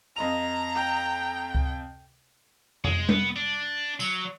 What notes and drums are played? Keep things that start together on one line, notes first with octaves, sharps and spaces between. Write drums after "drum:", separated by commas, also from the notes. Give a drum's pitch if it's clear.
F2 D#5 A#5 F7
G5
drum: kick C#2
G#3, drum: tom F2
B3, drum: tom G3
D4
F#3, drum: tambourine